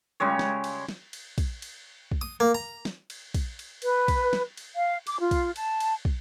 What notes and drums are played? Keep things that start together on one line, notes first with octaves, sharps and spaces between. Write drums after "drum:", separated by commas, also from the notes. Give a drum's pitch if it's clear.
C#3 G3 G#3 C#5
drum: snare
drum: cymbal
drum: snare
drum: cymbal
drum: kick, cymbal
drum: cymbal
drum: kick
D#6
A#3
A#5
drum: snare
drum: cymbal
drum: kick, cymbal
drum: cymbal
B4, drum: cymbal
drum: kick, cymbal
drum: snare
drum: cymbal
F5
D6, drum: cymbal
F4
drum: kick, cymbal
A5, drum: cymbal
drum: cymbal
drum: kick